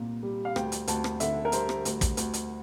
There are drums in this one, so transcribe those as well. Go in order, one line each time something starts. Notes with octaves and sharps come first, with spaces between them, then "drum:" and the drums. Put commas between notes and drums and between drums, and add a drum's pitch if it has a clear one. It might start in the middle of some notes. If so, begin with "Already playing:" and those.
Already playing: C2 A#2 A#3
G3
F5
D2 G5, drum: rim click
drum: hi-hat
D2 A5, drum: hi-hat
drum: rim click
D3 E5, drum: hi-hat
A#4
G3 C5, drum: hi-hat
drum: rim click
D2, drum: hi-hat
drum: kick, hi-hat
D2, drum: hi-hat
drum: hi-hat